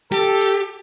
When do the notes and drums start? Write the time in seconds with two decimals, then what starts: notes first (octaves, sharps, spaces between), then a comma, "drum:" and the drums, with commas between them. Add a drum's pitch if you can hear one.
0.12 G4 A4, drum: hi-hat
0.41 drum: hi-hat